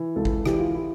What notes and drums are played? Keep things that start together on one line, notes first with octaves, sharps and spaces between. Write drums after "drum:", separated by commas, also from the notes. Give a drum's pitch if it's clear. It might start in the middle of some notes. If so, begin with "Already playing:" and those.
Already playing: E3
C#2 A4
drum: kick G#1
E3 G4, drum: rim click
F4
E4